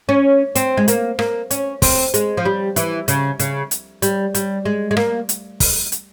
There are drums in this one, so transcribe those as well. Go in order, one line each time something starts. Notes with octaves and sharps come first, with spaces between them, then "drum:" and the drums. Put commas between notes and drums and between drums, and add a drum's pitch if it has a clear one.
C#4
C4, drum: hi-hat
G#3
A#3, drum: hi-hat
A#3, drum: rim click
C#4, drum: hi-hat
C4, drum: kick, open hi-hat
G#3, drum: hi-hat
F3
G3
E3, drum: hi-hat
C#3, drum: hi-hat
C#3, drum: hi-hat
drum: hi-hat
G3, drum: hi-hat
G3, drum: hi-hat
G#3
G#3
A#3, drum: rim click
drum: hi-hat
drum: kick, open hi-hat
drum: hi-hat